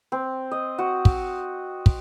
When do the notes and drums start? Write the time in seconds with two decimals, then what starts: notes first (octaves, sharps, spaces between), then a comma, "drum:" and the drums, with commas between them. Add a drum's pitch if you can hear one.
0.12 C4
0.51 D#5
0.78 F#4
1.05 drum: kick
1.86 drum: kick